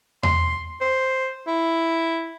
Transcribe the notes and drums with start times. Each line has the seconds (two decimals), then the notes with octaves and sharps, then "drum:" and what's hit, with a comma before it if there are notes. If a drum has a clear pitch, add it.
0.23 C6, drum: tom E2
0.81 C5
1.47 E4